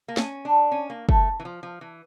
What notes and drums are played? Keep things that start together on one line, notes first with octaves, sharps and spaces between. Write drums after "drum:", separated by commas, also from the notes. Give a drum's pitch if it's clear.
A#3
C#4, drum: snare
D4
C#4
A#3
A3, drum: kick
E3
F3
F3
E3